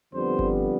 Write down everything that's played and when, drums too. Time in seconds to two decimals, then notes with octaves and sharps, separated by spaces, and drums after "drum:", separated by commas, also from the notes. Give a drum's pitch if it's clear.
0.13 F2 D3 G3 B3 C5
0.39 drum: kick G1